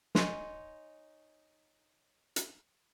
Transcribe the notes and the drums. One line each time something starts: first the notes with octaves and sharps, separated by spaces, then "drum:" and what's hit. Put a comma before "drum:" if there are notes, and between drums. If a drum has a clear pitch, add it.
D#4 C#5 G#5 C6, drum: snare
drum: hi-hat